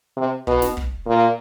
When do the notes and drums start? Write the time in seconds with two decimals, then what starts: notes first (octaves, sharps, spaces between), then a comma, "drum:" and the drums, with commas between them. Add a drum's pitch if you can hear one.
0.17 C3
0.47 B2, drum: kick
0.62 drum: snare
0.77 drum: kick
1.07 A#2